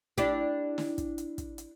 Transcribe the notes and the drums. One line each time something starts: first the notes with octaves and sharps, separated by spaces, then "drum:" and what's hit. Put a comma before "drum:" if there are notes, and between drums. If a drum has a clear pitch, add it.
D4 E4 G4, drum: kick, hi-hat
drum: snare
drum: kick, hi-hat
drum: hi-hat
drum: kick, hi-hat
drum: hi-hat